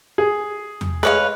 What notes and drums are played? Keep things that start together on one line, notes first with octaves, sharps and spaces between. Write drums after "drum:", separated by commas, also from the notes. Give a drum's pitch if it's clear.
G#4
drum: tom E2
G#3 A4 B4 C#5 F5